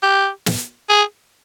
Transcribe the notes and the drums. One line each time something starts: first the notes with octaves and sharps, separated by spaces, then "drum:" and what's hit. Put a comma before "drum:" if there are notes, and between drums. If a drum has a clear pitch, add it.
G4
drum: snare
G#4